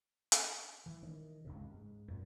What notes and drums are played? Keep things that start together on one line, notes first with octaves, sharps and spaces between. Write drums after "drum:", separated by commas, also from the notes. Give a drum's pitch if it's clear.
drum: hi-hat
E3
D#3
C#2 G2 C3
G#2
F#2 A#2